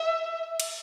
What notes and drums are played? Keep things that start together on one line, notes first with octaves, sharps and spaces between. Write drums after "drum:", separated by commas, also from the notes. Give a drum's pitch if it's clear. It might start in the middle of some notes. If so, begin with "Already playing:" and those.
Already playing: E5
drum: cymbal